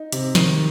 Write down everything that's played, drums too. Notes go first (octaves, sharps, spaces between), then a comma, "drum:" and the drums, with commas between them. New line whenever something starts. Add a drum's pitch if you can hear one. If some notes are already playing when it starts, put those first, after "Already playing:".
Already playing: D#4
C3, drum: hi-hat
D#3, drum: snare